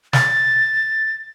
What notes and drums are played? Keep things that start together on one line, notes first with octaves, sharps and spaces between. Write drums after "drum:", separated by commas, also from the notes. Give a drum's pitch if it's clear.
A6, drum: snare